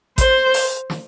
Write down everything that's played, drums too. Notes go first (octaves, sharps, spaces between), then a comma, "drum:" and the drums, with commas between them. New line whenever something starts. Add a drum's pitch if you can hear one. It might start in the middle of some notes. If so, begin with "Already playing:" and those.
C5, drum: kick A1, hi-hat
drum: open hi-hat
drum: snare